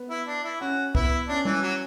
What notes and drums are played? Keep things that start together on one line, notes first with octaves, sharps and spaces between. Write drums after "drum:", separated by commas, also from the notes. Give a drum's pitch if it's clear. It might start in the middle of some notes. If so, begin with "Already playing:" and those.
Already playing: B3
E4
D4
E4
C#4 F#4
B3 E4, drum: kick C2
C#4 D4
E3, drum: tom G3
F#3